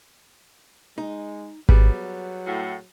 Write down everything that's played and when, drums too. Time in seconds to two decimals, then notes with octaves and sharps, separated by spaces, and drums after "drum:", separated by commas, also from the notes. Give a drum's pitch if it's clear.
0.98 G#3 D#4
1.69 F#3 G3 B3 G#4, drum: kick G#1
2.47 A2 F#4